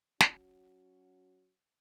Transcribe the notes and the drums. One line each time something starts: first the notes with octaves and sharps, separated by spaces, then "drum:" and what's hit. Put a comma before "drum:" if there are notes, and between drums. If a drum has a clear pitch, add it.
F#3 C#4 F#4, drum: snare